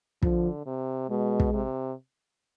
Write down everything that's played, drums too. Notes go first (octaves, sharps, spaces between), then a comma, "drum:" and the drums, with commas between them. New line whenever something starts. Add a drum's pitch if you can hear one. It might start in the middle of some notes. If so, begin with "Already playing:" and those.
D3 F3, drum: kick
C3
B2 G#3
drum: kick
C3